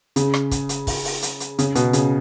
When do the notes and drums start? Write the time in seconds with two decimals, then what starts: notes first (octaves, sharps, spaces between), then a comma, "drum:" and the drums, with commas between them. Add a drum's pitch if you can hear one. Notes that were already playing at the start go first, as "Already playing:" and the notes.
0.16 C#3, drum: hi-hat
0.34 drum: rim click
0.51 drum: kick, hi-hat
0.69 drum: hi-hat
0.87 drum: kick, open hi-hat
1.05 drum: open hi-hat
1.22 drum: hi-hat
1.40 drum: hi-hat
1.59 C#3, drum: hi-hat
1.75 B2, drum: hi-hat
1.93 C#3, drum: hi-hat